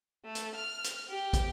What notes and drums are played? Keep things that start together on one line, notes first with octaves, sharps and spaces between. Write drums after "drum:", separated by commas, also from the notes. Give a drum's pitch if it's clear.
A3
drum: hi-hat
F6
drum: hi-hat
G4
drum: kick, hi-hat